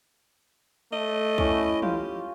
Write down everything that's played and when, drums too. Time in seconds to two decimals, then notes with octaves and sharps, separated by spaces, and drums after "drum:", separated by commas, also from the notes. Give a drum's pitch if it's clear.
0.93 A3 D#5
1.38 C#4 E4 D6, drum: kick
1.82 F4 G4, drum: tom E3